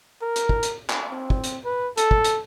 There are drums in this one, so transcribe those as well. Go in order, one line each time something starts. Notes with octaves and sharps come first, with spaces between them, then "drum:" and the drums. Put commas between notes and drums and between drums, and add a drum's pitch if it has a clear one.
A#4
drum: hi-hat
drum: kick
drum: hi-hat
drum: clap
C4
drum: kick
drum: hi-hat
B4
A4, drum: hi-hat
drum: kick
drum: hi-hat